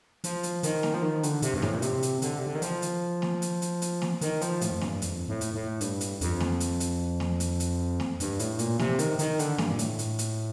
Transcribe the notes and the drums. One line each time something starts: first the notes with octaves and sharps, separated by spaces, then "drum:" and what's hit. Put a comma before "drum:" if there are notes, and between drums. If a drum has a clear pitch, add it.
F3, drum: hi-hat
drum: hi-hat
D#3, drum: hi-hat
drum: snare
F3
D#3
D3, drum: hi-hat
C3, drum: hi-hat
G2
A2, drum: snare
A#2
C3, drum: hi-hat
drum: hi-hat
D3, drum: hi-hat
C3
D3
D#3
F3, drum: hi-hat
drum: hi-hat
drum: snare
drum: hi-hat
drum: hi-hat
drum: hi-hat
drum: snare
D#3, drum: hi-hat
F3, drum: hi-hat
A2, drum: hi-hat
F2
G2, drum: snare
F2, drum: hi-hat
A2
drum: hi-hat
A2
G2, drum: hi-hat
drum: hi-hat
F2, drum: hi-hat
drum: snare
drum: hi-hat
drum: hi-hat
drum: snare
drum: hi-hat
drum: hi-hat
drum: snare
G2, drum: hi-hat
A2, drum: hi-hat
A#2, drum: hi-hat
C3, drum: snare
D#3, drum: hi-hat
D#3, drum: hi-hat
D3, drum: hi-hat
G2, drum: snare
A#2
A2, drum: hi-hat
drum: hi-hat
drum: hi-hat